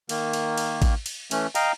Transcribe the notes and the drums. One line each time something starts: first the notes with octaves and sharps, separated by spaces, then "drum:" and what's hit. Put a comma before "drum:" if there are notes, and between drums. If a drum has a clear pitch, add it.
D#3 A#3, drum: cymbal
drum: cymbal
drum: cymbal
drum: kick A1, cymbal
drum: cymbal
E3 A3 C#4, drum: cymbal
D#5 F5 G5 A#5, drum: cymbal